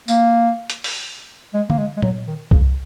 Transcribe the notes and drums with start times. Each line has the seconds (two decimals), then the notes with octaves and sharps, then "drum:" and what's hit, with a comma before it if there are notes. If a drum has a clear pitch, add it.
0.08 A#3, drum: tambourine
0.70 drum: hi-hat
0.84 drum: open hi-hat
1.54 G#3
1.70 A#3, drum: tom D3
1.78 G#3
1.97 G#3
2.02 F#3, drum: tom A#2
2.27 D#3
2.51 C#3, drum: kick C2